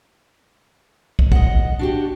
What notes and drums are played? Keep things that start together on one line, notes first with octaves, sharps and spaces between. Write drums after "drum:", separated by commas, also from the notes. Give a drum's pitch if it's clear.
drum: kick
D#5 F#5, drum: kick
D4 F#4 G4